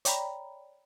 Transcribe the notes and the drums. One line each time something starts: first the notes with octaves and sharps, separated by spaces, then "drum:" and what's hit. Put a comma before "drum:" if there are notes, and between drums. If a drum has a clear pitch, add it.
C#5 D5 G5 A#5 B5, drum: hi-hat